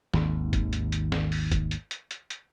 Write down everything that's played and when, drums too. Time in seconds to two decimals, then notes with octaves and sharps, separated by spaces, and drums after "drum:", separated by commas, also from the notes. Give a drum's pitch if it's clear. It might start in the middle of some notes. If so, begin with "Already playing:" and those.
0.14 G#1 D#2, drum: snare
0.53 drum: kick, hi-hat
0.73 drum: hi-hat
0.92 drum: hi-hat
1.12 drum: snare
1.32 drum: open hi-hat
1.52 drum: kick, hi-hat
1.71 drum: hi-hat
1.91 drum: hi-hat
2.11 drum: hi-hat
2.30 drum: hi-hat